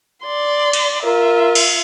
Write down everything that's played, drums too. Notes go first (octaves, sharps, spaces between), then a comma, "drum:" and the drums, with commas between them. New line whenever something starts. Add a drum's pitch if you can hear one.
D5 C6
drum: cymbal
F4 A#4 E5
drum: cymbal